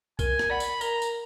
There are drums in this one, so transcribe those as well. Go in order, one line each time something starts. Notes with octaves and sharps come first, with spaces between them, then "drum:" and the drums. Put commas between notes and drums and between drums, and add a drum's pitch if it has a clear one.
A#4 G#5, drum: kick B1, tambourine
drum: rim click
D5 F#5 B5
drum: tambourine
A#4 A#5, drum: tambourine
drum: tambourine